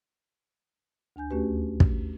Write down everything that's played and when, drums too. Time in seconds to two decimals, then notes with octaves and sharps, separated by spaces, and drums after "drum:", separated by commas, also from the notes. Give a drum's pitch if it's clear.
1.16 D2 D4 G#5 G6
1.30 D#2 A3 C#4 F#4 G4 B4
1.80 drum: kick